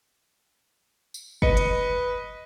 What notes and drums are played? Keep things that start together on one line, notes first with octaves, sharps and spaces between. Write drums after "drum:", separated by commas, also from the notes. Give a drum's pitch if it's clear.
drum: tambourine
B4 D#5 C#7, drum: kick
drum: hi-hat